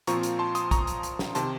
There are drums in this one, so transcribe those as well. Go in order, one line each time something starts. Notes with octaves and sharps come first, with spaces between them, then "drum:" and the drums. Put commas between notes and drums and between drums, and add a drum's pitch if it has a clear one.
A#2 F3 C4 F4 A#5 C#6, drum: hi-hat
drum: hi-hat
A5 C6
C6 D#6, drum: hi-hat
A#5 C#6, drum: kick, hi-hat
drum: hi-hat
drum: hi-hat
drum: snare
C3 D#3 A5 C6, drum: hi-hat